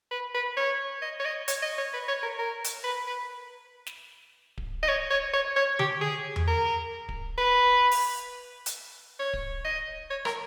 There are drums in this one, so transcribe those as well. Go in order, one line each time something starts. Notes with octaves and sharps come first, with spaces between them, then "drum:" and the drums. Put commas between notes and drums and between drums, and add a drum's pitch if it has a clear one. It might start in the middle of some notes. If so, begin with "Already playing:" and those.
B4
B4
C#5
D#5
C#5
D#5
C#5, drum: hi-hat
D#5
C#5
B4
C#5
A#4
A#4
drum: hi-hat
B4
B4
drum: snare
drum: kick D1
D#5
C#5
C#5
C#5
C#5
G4, drum: tom D3
G#4
drum: tom E2
A#4
drum: kick D1
B4
drum: open hi-hat
drum: hi-hat
C#5
drum: kick D1
D#5
C#5
A#4, drum: rim click